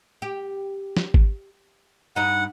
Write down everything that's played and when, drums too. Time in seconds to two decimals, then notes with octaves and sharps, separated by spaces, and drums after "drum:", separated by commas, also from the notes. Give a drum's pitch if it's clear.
0.22 G4
0.97 drum: snare
1.14 drum: kick G#1
2.16 G2 D#4 F#5